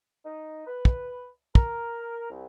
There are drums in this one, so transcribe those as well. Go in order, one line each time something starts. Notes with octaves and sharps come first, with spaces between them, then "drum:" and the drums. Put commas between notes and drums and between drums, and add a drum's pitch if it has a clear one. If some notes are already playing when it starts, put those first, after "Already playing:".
D#4
B4
drum: kick
A#4, drum: kick
C2